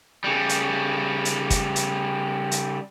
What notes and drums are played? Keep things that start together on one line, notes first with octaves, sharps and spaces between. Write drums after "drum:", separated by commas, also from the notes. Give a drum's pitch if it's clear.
C#3 G3
drum: hi-hat
drum: hi-hat
drum: kick, hi-hat
drum: hi-hat
drum: hi-hat